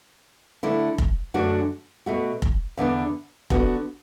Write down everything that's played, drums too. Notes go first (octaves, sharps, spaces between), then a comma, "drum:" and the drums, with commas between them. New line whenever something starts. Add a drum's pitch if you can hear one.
D3 A3 E4
drum: kick F1
F#2 D3 A3 D4 F#4
B2 A3 F#4
drum: kick F1
E2 D3 B3 D4
D3 B3 F#4, drum: kick F1